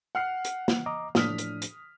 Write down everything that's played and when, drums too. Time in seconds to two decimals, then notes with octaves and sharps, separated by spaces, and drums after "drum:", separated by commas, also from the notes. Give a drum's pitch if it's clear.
0.15 F#5 F6 C7
0.45 drum: hi-hat
0.68 drum: snare
0.86 D#5 A#5 D6
1.15 A2 F3 D4 D#6 F6 B6, drum: snare
1.38 drum: hi-hat
1.62 drum: hi-hat